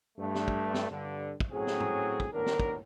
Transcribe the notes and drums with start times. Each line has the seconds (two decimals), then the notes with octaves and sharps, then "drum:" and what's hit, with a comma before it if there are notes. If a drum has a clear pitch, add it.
0.19 G2 A3
0.35 drum: snare
0.48 drum: kick
0.74 drum: snare
0.91 G2 D3
1.40 drum: kick
1.52 A2 F#3 C4 C#4 G#4
1.67 drum: snare
1.80 drum: tom
2.20 drum: kick
2.33 D#2 A2 B3 D4 A#4
2.46 drum: snare
2.60 drum: kick